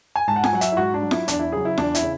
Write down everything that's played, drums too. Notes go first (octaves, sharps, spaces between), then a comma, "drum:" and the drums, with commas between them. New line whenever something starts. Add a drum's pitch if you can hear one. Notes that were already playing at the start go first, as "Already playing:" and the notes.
G#5
G#2 A5
F#5
G#5, drum: snare F4
F#3 F#5
E5, drum: hi-hat
E4
G#2 F#4
D4
F#3
E4, drum: snare F4
E2 D4, drum: hi-hat
E4
C#3 F#3 G#4
E4
E2 D4, drum: snare F4
E4, drum: hi-hat
C#3